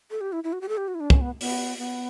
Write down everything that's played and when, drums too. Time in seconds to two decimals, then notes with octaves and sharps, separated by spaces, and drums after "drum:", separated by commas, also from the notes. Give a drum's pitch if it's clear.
0.11 A4
0.21 G4
0.32 E4
0.44 E4
0.53 F#4
0.61 G4
0.69 A4
0.77 G4
0.88 F#4
0.95 E4
1.00 D4
1.10 C#4, drum: kick
1.21 B3
1.41 B3, drum: open hi-hat
1.78 B3